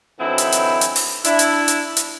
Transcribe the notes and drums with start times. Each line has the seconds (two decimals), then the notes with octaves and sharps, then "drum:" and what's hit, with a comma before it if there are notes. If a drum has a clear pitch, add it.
0.20 D3 E3 F#3 C4 D#4 E4
0.38 drum: hi-hat
0.52 drum: hi-hat
0.81 drum: hi-hat
0.96 drum: open hi-hat
1.24 D4 E4, drum: hi-hat
1.39 drum: hi-hat
1.68 drum: hi-hat
1.97 drum: hi-hat